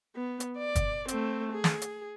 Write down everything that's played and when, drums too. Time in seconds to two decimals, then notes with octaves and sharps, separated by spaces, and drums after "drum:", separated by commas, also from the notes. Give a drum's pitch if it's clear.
0.15 B3
0.40 drum: hi-hat
0.58 D5
0.75 drum: kick, hi-hat
1.08 A3 C4, drum: hi-hat
1.52 G#4
1.64 drum: snare
1.82 drum: hi-hat